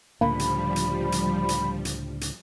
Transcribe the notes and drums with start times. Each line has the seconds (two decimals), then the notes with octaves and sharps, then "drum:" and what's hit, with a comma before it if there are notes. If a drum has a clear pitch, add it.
0.21 C#2 A2 D3 F3 G3 A#3 B5
0.39 drum: hi-hat
0.76 drum: hi-hat
1.12 drum: hi-hat
1.49 drum: hi-hat
1.85 drum: hi-hat
2.21 drum: hi-hat